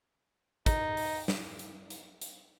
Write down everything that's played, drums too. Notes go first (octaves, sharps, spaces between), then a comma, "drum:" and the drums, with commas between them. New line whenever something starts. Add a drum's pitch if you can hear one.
D#4, drum: kick, hi-hat
drum: open hi-hat
drum: snare
drum: hi-hat
drum: hi-hat
drum: hi-hat